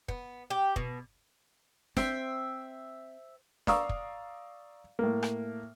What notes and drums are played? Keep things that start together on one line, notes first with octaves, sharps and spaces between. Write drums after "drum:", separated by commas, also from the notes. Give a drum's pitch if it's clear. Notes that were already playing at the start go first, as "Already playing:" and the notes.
B3, drum: kick
G4
B2, drum: kick
C4 C5 E5 G5, drum: snare
D5 F5 A#5 C#6 D#6 E6, drum: snare
drum: kick
A2 A#3
drum: rim click